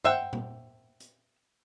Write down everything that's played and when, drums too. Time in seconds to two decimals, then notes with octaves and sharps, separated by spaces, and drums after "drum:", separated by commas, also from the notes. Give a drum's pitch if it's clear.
0.04 C5 E5 F#5 G5, drum: tom G2
0.33 drum: tom A#2
1.00 drum: hi-hat